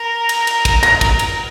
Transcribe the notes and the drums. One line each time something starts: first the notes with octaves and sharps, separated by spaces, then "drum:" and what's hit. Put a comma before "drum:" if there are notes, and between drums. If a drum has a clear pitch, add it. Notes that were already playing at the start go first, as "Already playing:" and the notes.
Already playing: A#4
drum: cymbal
drum: cymbal
drum: kick, cymbal
A#6, drum: cymbal
drum: kick, cymbal
drum: cymbal